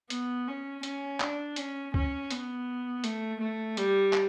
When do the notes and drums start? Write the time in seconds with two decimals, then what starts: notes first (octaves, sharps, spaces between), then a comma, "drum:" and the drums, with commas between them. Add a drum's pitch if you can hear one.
0.10 B3, drum: hi-hat
0.48 C#4
0.83 C#4, drum: hi-hat
1.20 D4, drum: clap
1.56 C#4, drum: hi-hat
1.94 C#4, drum: kick C#2
2.30 B3, drum: hi-hat
3.04 A3, drum: hi-hat
3.41 A3
3.77 G3, drum: hi-hat
4.13 drum: clap